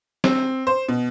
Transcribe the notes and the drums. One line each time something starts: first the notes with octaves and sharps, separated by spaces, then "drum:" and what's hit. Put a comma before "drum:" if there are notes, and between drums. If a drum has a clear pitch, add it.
C4, drum: snare
C5
B2